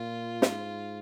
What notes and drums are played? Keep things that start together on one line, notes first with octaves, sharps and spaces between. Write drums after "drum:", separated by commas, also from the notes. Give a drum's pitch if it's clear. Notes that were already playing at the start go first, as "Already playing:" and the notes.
Already playing: A#2 F4
G#2, drum: snare